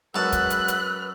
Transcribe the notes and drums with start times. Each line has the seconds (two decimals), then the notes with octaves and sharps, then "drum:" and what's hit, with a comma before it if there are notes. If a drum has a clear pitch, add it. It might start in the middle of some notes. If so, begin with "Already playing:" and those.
0.15 F#2 G#3 F#4 B4 A5 E6 F#6
0.32 drum: kick, hi-hat
0.50 drum: hi-hat
0.68 drum: hi-hat